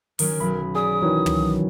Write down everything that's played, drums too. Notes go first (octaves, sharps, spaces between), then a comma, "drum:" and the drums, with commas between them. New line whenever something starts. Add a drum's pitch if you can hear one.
D#3 F#3 C#4 A#4, drum: open hi-hat
B1 F#3 B5
G#4 D5 B5 D#6
D#3 E3 F#3 C#4
drum: tom